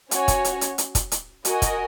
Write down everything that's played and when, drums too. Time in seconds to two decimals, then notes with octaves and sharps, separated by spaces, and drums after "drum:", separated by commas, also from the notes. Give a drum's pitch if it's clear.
0.11 C#4 F#4 C#5 G#5, drum: hi-hat
0.28 drum: kick, hi-hat
0.45 drum: hi-hat
0.61 drum: hi-hat
0.78 drum: hi-hat
0.95 drum: kick, hi-hat
1.12 drum: hi-hat
1.45 F#4 A#4 D#5 G#5, drum: hi-hat
1.62 drum: kick, hi-hat